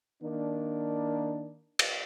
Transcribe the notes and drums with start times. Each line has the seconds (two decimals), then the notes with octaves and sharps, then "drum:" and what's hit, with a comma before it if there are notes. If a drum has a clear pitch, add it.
0.22 D#3 A#3 D4
1.79 drum: cymbal